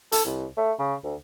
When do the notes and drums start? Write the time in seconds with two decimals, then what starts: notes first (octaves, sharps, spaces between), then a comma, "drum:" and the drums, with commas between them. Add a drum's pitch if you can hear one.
0.12 A4, drum: hi-hat
0.25 C2
0.57 A3
0.79 C#3
1.04 D2